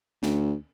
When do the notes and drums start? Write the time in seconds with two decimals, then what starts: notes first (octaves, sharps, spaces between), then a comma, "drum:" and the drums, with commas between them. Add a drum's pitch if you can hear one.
0.23 D2, drum: snare C#4